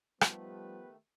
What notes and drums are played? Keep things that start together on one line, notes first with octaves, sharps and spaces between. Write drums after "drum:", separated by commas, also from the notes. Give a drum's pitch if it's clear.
D#3 F3 G3 A3 B3 G4 B4, drum: rim click